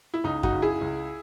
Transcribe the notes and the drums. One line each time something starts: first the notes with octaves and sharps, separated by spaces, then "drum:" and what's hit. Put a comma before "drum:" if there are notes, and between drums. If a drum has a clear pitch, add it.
E4
C#2 D#4
D#4 F#4, drum: kick F#2
C#2
E4 G#4
C#2